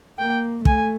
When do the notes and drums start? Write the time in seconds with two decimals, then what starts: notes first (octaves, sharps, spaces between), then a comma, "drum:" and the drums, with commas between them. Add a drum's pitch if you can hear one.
0.19 A#3 G5
0.65 A3 G#5, drum: kick